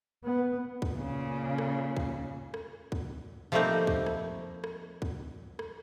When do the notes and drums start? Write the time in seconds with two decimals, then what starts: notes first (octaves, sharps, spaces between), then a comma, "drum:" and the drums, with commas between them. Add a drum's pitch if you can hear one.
0.25 B3
0.82 drum: kick
0.94 A#2 C#3
1.58 drum: rim click
1.97 drum: kick
2.54 drum: rim click
2.92 drum: kick
3.52 F3 G3 A3 A#3 C4 D#4
3.87 drum: kick
4.06 drum: rim click
4.64 drum: rim click
5.02 drum: kick
5.59 drum: rim click